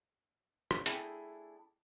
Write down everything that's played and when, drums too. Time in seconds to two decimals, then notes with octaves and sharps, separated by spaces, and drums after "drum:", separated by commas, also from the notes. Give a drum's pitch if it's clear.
0.71 drum: rim click
0.86 A3 D4 E4 G#4 G5, drum: hi-hat